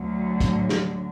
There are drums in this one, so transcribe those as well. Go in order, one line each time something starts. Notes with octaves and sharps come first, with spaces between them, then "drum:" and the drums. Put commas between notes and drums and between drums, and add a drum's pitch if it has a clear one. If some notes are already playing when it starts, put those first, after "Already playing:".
Already playing: D2 D3 F#3
drum: kick, hi-hat
drum: snare